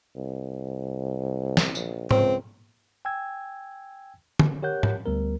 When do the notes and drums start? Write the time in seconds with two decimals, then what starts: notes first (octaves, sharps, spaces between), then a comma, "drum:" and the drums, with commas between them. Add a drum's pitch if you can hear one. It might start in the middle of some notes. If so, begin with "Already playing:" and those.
0.16 C2
1.57 drum: snare
1.75 A#1, drum: tambourine
2.11 C#2 C4, drum: tom G#2
3.05 G5 G#5 E6 G#6
4.39 drum: tom
4.62 G4 A#4 C#5 F#5 F#6 G6
4.83 drum: tom G#2
5.06 D2 G3 B3 A#4